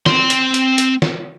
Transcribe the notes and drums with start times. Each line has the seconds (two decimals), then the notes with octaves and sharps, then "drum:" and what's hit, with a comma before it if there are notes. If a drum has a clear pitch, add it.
0.06 C4 C6, drum: snare
0.30 drum: hi-hat
0.54 drum: hi-hat
0.78 drum: hi-hat
1.02 drum: snare